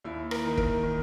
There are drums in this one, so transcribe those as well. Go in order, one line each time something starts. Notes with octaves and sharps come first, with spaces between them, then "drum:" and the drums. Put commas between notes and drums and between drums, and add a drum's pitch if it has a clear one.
D#2 E4
A#4, drum: rim click
D#3
A#4, drum: kick F1
D#3